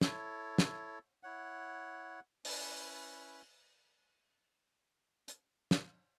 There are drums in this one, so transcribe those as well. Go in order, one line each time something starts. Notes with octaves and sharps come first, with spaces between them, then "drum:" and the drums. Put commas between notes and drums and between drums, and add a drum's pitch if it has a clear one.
E4 A4 C#5, drum: snare
drum: snare
E4 C#5 F#5
C#4 E4 B4, drum: open hi-hat
drum: hi-hat
drum: snare